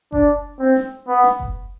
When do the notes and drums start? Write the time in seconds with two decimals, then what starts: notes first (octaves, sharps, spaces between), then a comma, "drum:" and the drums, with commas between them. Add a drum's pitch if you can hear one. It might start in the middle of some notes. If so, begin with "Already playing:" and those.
0.12 D4, drum: kick F#1
0.60 C4
0.76 drum: snare
1.08 B3
1.24 drum: snare
1.40 drum: kick F#1